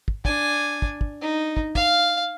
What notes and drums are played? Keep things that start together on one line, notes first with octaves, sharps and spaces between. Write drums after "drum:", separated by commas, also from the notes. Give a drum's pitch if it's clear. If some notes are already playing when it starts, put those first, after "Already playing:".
drum: kick
D4 G#5, drum: kick
drum: kick
drum: kick
D#4
drum: kick
F5, drum: kick